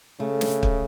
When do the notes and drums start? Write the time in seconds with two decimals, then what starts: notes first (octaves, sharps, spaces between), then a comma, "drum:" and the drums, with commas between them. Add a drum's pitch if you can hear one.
0.20 C#3 A3
0.41 drum: snare
0.63 drum: kick